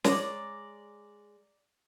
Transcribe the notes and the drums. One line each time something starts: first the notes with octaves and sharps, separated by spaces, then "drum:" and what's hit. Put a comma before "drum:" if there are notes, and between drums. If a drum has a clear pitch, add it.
G#3 C#5 D5 A#5, drum: snare